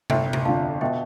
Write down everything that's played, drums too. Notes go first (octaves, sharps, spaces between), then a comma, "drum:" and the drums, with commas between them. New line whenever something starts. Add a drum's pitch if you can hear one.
G1 E5 G5, drum: tom C3
drum: tom C3
F2 D3 F5 A5
B2 E5 G5